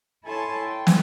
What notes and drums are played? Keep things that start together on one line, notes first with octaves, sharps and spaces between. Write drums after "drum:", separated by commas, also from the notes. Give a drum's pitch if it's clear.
E4 A4 C#5 G#5 A5 C6
G5
drum: snare